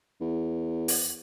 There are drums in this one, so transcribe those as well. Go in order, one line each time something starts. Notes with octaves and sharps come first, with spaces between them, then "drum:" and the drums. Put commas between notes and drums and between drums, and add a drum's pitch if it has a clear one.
E2
drum: open hi-hat